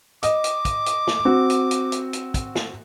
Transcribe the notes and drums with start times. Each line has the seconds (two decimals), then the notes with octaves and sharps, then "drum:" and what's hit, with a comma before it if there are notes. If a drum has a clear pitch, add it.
0.23 D#5 D6, drum: hi-hat
0.44 drum: hi-hat
0.65 drum: kick, hi-hat
0.86 drum: hi-hat
1.07 drum: snare
1.25 C4 F#4
1.50 drum: hi-hat
1.71 drum: hi-hat
1.92 drum: hi-hat
2.13 drum: hi-hat
2.34 drum: kick, hi-hat
2.55 drum: snare